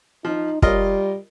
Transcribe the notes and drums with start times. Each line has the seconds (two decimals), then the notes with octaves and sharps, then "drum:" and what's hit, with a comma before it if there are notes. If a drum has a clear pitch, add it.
0.25 F3 D#4
0.62 G3 F4 A#4 D#5, drum: kick